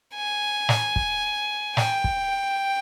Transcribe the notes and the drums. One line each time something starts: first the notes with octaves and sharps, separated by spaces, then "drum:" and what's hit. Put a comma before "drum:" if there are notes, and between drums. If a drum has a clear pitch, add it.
G#5
drum: snare
drum: kick
G5, drum: snare
drum: kick